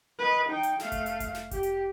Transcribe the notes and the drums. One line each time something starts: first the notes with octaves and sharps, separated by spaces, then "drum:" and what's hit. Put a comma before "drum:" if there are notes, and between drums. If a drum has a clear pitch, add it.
B4 D#5
D#4 G5
drum: hi-hat
A3 F5, drum: snare
drum: kick F1, hi-hat
drum: hi-hat
drum: kick F1, hi-hat
drum: snare
G4, drum: kick F1, hi-hat
drum: hi-hat